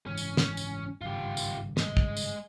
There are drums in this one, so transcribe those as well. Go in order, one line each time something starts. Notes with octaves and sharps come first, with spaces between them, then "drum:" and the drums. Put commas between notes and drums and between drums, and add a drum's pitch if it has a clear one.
F#1 G#2 E3 C#4
drum: tambourine
drum: snare
drum: tambourine
G#1 G2 C#3 F4 G4
drum: tambourine
G#3 D#5, drum: snare
drum: kick
drum: tambourine